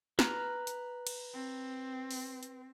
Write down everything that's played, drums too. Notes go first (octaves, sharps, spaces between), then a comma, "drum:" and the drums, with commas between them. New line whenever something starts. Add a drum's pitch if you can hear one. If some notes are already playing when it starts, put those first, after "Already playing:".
B4 A#5 F6, drum: snare
drum: hi-hat
drum: cymbal
C4
drum: open hi-hat
drum: hi-hat